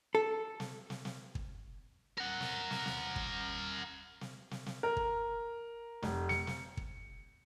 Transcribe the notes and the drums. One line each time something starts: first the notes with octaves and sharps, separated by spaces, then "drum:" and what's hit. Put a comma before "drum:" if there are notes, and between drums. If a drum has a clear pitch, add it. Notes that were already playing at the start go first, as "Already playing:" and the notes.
A4
drum: snare
drum: snare
drum: snare
drum: kick
A#4 F#5
drum: snare
drum: snare
drum: snare
drum: kick
drum: snare
drum: snare
drum: snare
A#4
drum: kick
F1, drum: snare
C#7, drum: snare
drum: snare
drum: kick